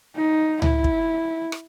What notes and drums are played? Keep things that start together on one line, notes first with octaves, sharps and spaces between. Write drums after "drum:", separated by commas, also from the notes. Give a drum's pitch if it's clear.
D#4
E4, drum: tom C#2
drum: kick
drum: rim click